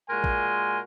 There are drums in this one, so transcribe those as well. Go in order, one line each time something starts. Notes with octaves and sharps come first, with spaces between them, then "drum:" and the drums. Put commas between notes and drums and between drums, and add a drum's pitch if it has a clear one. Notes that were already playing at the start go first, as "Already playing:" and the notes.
A#2 G#3 F#4 A#4 G#5 C6
drum: kick